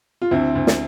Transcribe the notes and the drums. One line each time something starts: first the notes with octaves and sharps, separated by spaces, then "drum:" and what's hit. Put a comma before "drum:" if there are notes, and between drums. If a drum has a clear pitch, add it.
F4
D2 C4 E4
D2
drum: snare